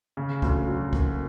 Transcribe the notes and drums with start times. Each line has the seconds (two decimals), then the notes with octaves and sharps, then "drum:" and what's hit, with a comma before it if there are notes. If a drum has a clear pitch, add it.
0.17 C#3
0.42 D2, drum: kick
0.67 F#3
0.93 A#3, drum: kick